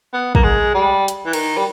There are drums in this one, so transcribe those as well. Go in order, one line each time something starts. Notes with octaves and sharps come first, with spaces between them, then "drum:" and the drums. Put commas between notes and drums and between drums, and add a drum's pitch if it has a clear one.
B3
A#3, drum: kick
G#3
G3
drum: hi-hat
E3
D#3, drum: cymbal
G3